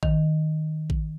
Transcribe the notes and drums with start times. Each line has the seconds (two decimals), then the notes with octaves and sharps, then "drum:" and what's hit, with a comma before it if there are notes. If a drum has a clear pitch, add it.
0.03 D#3, drum: kick A1
0.90 drum: kick A1